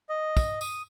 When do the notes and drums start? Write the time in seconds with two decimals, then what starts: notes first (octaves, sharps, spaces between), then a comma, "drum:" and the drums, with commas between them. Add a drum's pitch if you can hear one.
0.09 D#5
0.37 drum: kick, tambourine
0.61 D#6, drum: tambourine